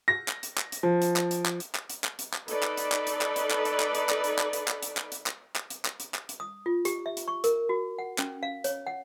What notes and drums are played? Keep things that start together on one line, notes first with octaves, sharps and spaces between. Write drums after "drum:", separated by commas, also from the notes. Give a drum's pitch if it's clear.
A#6
drum: clap
drum: hi-hat
drum: clap
drum: hi-hat
F3
drum: hi-hat
drum: clap
drum: hi-hat
drum: clap
drum: hi-hat
drum: clap
drum: hi-hat
drum: clap
drum: hi-hat
drum: clap
D#4 A4 B4 D5, drum: hi-hat
drum: clap
drum: hi-hat
drum: clap
drum: hi-hat
drum: clap
drum: hi-hat
drum: clap
drum: hi-hat
drum: clap
drum: hi-hat
drum: clap
drum: hi-hat
drum: clap
drum: hi-hat
drum: clap
drum: hi-hat
drum: clap
drum: hi-hat
drum: clap
drum: clap
drum: hi-hat
drum: clap
drum: hi-hat
drum: clap
drum: hi-hat
D#6
F4
G4, drum: hi-hat
E5
drum: hi-hat
C#6
A#4, drum: hi-hat
F#4
F#5
C#4, drum: clap
F5
C#5, drum: hi-hat
F#5